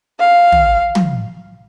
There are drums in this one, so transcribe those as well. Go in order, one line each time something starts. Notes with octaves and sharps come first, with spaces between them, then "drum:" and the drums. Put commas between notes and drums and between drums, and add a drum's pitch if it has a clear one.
F5
drum: tom
drum: tom